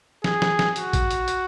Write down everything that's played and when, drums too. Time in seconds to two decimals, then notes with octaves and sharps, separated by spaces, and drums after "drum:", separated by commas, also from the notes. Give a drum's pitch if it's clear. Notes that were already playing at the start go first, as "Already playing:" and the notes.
0.24 G#4, drum: snare
0.42 drum: snare
0.59 drum: snare
0.76 F#4, drum: hi-hat
0.93 drum: kick A1, hi-hat
1.11 drum: hi-hat
1.28 drum: hi-hat